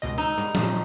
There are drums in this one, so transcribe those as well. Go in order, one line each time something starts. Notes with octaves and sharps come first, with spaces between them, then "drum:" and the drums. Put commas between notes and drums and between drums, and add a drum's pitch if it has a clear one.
C#2 B2 D#5
D#4 E6
G#2 G3
A#2 A5, drum: tom F3